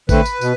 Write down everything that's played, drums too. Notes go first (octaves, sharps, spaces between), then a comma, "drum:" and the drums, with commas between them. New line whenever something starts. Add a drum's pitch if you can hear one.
D3 A3 C4 B4, drum: kick A1, tambourine
drum: tambourine
B2, drum: tambourine